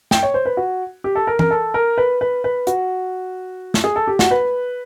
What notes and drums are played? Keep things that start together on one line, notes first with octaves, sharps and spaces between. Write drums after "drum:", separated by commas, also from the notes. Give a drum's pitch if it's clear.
G5, drum: snare
C#5
C5
B4
F#4
G4
A4
A#4
A#4, drum: tom E3
A4
A#4
B4
B4
B4
F#4, drum: hi-hat
drum: snare
G#4
A4
G4
F#4, drum: snare
B4